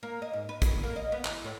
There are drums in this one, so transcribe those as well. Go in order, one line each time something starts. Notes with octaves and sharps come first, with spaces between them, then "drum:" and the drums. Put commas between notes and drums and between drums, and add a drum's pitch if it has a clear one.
A#3
D#5
G#2
B4
drum: kick, hi-hat
A2
A#3
D#5
B3
E3, drum: clap
A2